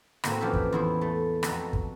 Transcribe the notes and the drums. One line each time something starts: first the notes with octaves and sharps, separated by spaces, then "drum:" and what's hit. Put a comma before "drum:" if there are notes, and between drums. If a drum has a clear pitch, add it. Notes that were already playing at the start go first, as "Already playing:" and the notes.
A2 A#3 C4 F#4, drum: rim click
E3 F3 C#4 D4 G4 E5
drum: kick
E2 E4 C5
A3
F2 B2 A4 F#5 A#5, drum: rim click
drum: kick